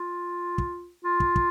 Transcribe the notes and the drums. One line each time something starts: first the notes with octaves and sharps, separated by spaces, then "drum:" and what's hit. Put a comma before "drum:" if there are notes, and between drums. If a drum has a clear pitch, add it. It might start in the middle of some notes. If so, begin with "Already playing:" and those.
Already playing: F4
drum: kick
F4
drum: kick
drum: kick